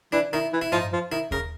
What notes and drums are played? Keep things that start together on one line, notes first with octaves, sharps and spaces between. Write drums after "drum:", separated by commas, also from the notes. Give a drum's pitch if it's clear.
E3 D4
D#3 E4
E3
E4
F3 D#4, drum: tom G2
F3
D#3 E4
C#3 A#4, drum: kick D#2